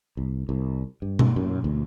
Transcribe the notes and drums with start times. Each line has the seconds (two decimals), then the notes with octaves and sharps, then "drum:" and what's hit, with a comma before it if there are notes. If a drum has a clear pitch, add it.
0.17 C2
0.49 C2
1.02 G2
1.19 drum: tom B2
1.36 F#2
1.64 D2